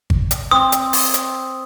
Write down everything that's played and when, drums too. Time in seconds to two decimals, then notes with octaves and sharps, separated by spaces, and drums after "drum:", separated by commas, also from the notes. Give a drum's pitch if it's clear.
0.10 drum: kick G#1
0.31 drum: hi-hat
0.51 C4 D#6
0.72 drum: hi-hat
0.93 drum: open hi-hat
1.14 drum: hi-hat